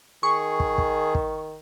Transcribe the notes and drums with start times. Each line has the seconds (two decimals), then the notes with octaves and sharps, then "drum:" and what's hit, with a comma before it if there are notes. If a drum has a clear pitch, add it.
0.23 D#3 G#4 C#6
0.60 drum: kick
0.78 drum: kick
1.15 drum: kick